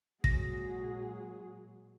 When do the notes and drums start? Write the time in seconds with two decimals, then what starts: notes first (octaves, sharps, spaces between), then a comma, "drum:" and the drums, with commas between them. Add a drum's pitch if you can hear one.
0.24 A#2 F#3 G#3 F#4 G#4 A#6, drum: kick